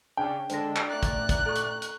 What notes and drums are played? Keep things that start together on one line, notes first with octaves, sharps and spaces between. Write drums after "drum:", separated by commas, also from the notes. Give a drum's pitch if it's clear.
C#3 C#4 D4 G5
D3 G#3 D4 A4 C5 A#6, drum: hi-hat
drum: clap
A3 D5 A#5 F#6
drum: kick, hi-hat
drum: kick, hi-hat
A4 C#6
drum: hi-hat
drum: hi-hat